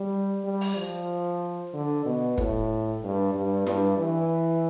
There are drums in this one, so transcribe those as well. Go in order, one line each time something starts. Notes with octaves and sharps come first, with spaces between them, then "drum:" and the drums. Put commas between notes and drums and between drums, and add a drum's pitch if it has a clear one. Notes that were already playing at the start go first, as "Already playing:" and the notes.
Already playing: G3
G3
drum: open hi-hat
F3
D3
B2
A2, drum: kick
G2
G2
G2, drum: snare E4
E3